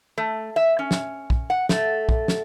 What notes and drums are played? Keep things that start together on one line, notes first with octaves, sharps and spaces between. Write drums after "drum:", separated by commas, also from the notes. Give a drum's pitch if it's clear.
A3
E5
C#4
drum: snare
drum: kick
F#5
A3, drum: snare
drum: kick
drum: snare